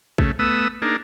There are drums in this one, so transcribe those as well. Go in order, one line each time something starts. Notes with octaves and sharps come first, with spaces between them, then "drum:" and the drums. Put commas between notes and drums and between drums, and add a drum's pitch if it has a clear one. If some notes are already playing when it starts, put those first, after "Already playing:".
C#3 A3, drum: kick
A3 B3 D#6 E6
A#3 D4 D#4 G#4